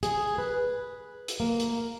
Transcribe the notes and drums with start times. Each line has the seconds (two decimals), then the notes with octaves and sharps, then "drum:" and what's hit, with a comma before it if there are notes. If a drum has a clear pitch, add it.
0.03 G#4, drum: hi-hat
0.38 B4
1.28 drum: hi-hat
1.40 A#3
1.60 drum: hi-hat